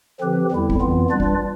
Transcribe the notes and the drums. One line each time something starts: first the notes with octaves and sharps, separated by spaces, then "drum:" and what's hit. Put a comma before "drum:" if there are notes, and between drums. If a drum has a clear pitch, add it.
D3 F3 C4 G4 B4
E2 D3 G3 C4 E4
drum: kick
F2 E3 B3 F4
G3 D4 F4 B4 D5
drum: kick